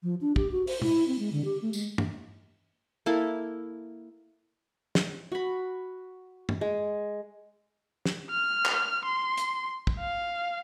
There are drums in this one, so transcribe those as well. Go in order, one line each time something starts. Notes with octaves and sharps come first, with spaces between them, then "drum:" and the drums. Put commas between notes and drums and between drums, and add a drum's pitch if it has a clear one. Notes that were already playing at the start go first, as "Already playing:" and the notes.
F3
D4
G4, drum: kick
F#4
C5, drum: open hi-hat
E4, drum: tom
C4
G#3
D3
G4
A3
G#3, drum: tambourine
drum: tom
A#3 E4 A4
drum: snare
F#4 B5
drum: tom
G#3
drum: snare
F6
drum: clap
C6
drum: hi-hat
drum: kick
F5